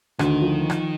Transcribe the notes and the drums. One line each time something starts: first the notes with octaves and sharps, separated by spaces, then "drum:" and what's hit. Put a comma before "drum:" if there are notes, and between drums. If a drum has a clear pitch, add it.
D2 D#3, drum: rim click
F3
drum: rim click